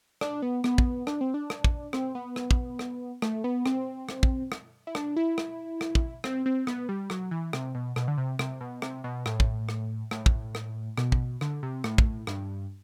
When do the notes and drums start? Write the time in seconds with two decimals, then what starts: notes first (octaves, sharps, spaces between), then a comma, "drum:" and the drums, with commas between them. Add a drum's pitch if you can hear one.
0.21 D4, drum: rim click
0.42 B3
0.64 B3, drum: rim click
0.78 drum: kick
1.07 D4, drum: rim click
1.21 C4
1.34 D4
1.50 drum: rim click
1.64 drum: kick
1.93 C4, drum: rim click
2.15 B3
2.36 drum: rim click
2.51 drum: kick
2.79 drum: rim click
3.22 A3, drum: rim click
3.44 B3
3.66 C4, drum: rim click
4.09 drum: rim click
4.23 drum: kick
4.52 drum: rim click
4.87 E4
4.95 D4, drum: rim click
5.16 E4
5.38 drum: rim click
5.81 drum: rim click
5.95 drum: kick
6.24 C4, drum: rim click
6.46 C4
6.67 B3, drum: rim click
6.89 G3
7.10 F#3, drum: rim click
7.31 E3
7.53 C3, drum: rim click
7.75 B2
7.96 B2, drum: rim click
8.08 D3
8.18 C3
8.39 C3, drum: rim click
8.61 B2
8.82 C3, drum: rim click
9.04 B2
9.26 A2, drum: rim click
9.40 drum: kick
9.69 drum: rim click
10.11 A2, drum: rim click
10.26 drum: kick
10.55 drum: rim click
10.97 B2, drum: rim click
11.12 drum: kick
11.41 D3, drum: rim click
11.63 C3
11.84 A2, drum: rim click
11.98 drum: kick
12.27 G2, drum: rim click